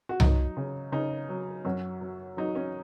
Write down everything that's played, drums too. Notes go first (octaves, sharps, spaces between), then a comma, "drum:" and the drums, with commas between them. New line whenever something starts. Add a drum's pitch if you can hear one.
F#4
F#3 D#4, drum: tom C2
C#3
C#3 D#4
F#3
F#2 C#4 F#4
F#3
F#3 D#4
C#4